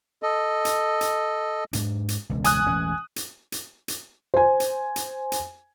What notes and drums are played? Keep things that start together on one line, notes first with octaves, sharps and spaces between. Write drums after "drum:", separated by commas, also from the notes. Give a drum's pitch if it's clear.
A4 D#5
drum: hi-hat
drum: hi-hat
G#2 D4, drum: hi-hat
drum: hi-hat
E1 C#2
G#5 D#6 F#6, drum: hi-hat
E1 A1 C#4
drum: hi-hat
drum: hi-hat
drum: hi-hat
C5 G#5
drum: hi-hat
drum: hi-hat
drum: hi-hat